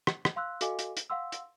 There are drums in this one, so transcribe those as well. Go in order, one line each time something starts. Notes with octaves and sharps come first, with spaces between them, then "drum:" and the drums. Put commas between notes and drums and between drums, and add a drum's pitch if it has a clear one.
drum: rim click
drum: rim click
F5 C6 E6 F#6
F#4 A4 D#5 F5 G#5 D6, drum: hi-hat
drum: hi-hat
drum: hi-hat
F5 F#5 C6 E6
drum: hi-hat